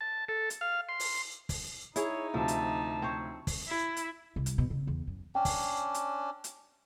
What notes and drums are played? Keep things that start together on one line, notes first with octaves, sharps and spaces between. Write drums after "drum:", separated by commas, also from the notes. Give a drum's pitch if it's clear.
A5
A4
drum: hi-hat
F5
C6
drum: open hi-hat
drum: kick, open hi-hat
D#4 E4 G#4 C#5, drum: hi-hat
D2 C3 F3 E5 A5
drum: hi-hat
C4 C5 C#5
drum: kick, open hi-hat
E4
drum: hi-hat
C2
drum: hi-hat
B2
C#3
E2
F#2
C#4 D4 G5
drum: kick, open hi-hat
drum: hi-hat
drum: hi-hat